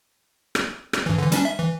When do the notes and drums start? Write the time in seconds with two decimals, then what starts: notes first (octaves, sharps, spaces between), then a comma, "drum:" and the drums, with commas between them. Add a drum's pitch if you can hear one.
0.55 drum: rim click
0.93 drum: rim click
1.06 G2 E3
1.18 D3 E3
1.32 G3 C#4 D4, drum: hi-hat
1.45 E5
1.59 E3